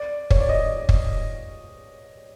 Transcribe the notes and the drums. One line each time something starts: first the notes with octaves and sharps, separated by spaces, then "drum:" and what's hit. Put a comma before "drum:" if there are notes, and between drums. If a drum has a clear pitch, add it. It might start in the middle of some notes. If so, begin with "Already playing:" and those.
Already playing: D5
C#5, drum: kick
D5
D#5
drum: kick